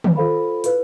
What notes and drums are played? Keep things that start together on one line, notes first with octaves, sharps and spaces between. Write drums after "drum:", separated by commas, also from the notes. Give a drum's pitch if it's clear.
drum: tom D#3
F4 A4 C5 F5 B5
E4 B4 F5, drum: hi-hat